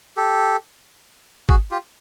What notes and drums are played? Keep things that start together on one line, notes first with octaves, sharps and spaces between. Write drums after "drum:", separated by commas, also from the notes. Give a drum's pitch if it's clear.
G4 A4
F#4 G#4, drum: kick G#1
F4 G4